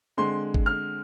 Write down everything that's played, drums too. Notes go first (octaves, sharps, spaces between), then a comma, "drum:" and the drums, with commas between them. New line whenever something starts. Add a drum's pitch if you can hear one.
D3 G#3 C4 C6
drum: kick G1
F6